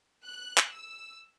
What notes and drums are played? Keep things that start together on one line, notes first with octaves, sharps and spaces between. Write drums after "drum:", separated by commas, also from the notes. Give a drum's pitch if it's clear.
F#6
drum: clap
E6